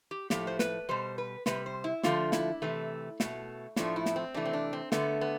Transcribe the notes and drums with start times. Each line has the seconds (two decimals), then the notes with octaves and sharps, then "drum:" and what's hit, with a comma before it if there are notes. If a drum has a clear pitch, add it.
0.11 G4
0.30 A2 F3 A3 G4, drum: snare
0.47 C5
0.59 B4, drum: snare
0.89 B2 G3 C5
1.18 B4
1.46 C3 G3 B4, drum: snare
1.66 C5
1.84 E4
2.03 D3 F3 A3 F4, drum: snare
2.32 E4, drum: snare
2.62 C3 E3 A3
3.20 B2 A3, drum: snare
3.76 A2 F3 A3 D4, drum: snare
3.96 E4
4.06 drum: snare
4.16 C4
4.34 C3 E3 A3 D4
4.45 C4
4.53 D4
4.73 C4
4.92 D3 A3 B3, drum: snare
5.21 B3